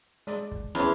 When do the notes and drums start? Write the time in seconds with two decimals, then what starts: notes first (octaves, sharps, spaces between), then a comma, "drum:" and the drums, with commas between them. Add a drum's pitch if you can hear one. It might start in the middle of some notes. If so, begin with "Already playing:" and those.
0.27 G#3 D5, drum: hi-hat
0.51 drum: kick
0.75 E2 C#4 C5, drum: hi-hat